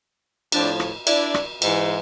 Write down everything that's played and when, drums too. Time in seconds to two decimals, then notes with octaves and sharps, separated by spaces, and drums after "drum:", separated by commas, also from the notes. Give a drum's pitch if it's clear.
0.52 A2 F3 C4 D4, drum: cymbal
0.80 drum: rim click
1.07 D4 E4, drum: cymbal
1.34 drum: rim click
1.62 G#2 E3, drum: cymbal